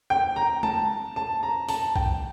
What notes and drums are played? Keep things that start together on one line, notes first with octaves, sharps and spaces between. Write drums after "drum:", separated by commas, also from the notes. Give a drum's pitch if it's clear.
G5
A#5
A5, drum: tom G#3
A5
A#5
A5, drum: open hi-hat
G5, drum: kick B1